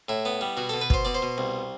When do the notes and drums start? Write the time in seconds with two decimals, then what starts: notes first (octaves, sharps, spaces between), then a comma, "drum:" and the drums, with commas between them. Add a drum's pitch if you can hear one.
0.09 A2 E4
0.25 B3
0.41 G3
0.57 B2 F#4
0.69 B2 A4
0.81 B4
0.90 B2 C5, drum: kick
1.05 B2 D5
1.14 C5
1.22 B2
1.38 C2